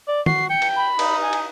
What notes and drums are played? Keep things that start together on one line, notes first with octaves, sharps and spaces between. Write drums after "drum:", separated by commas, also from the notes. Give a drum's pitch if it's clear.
D5
F#4 C7, drum: tom D#3
G5 C#7
drum: cymbal
B5
D#4, drum: cymbal
G#5
drum: cymbal